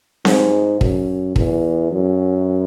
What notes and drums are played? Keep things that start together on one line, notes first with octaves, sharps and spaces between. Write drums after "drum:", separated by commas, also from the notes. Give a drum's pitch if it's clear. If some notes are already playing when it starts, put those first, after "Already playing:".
G#2, drum: snare C4
F#2, drum: kick
E2, drum: kick
F#2